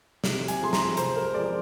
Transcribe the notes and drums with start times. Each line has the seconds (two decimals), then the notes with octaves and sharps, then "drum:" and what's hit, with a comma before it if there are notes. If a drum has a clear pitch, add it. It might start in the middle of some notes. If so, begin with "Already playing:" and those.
0.24 C3, drum: snare
0.48 G#5, drum: hi-hat
0.60 F3 G#3 C6
0.73 A#5, drum: snare
0.97 C3 C5, drum: hi-hat
1.16 A#4
1.34 F3 G#3 D5